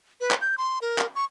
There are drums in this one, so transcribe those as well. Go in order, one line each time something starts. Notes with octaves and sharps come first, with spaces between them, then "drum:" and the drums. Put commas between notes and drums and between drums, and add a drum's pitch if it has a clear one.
B4
drum: clap
G6
C6
A#4
drum: clap
C#6